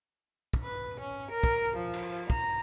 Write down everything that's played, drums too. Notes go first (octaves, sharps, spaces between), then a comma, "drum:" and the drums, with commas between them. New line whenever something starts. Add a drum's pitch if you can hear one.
drum: kick
B4
C#4
A#4
drum: kick
F3
drum: cymbal
A#5, drum: kick